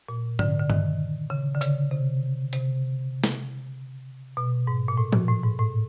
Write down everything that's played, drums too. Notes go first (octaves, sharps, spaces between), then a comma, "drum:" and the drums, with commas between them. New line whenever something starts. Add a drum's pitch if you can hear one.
A#2
D3, drum: tom G#2
D3
D#3, drum: tom G2
C#3
D3
C#3, drum: hi-hat
C3
C3, drum: hi-hat
drum: snare
B2
G#2
A#2
A2
A#2, drum: tom F3
A2
G#2
A2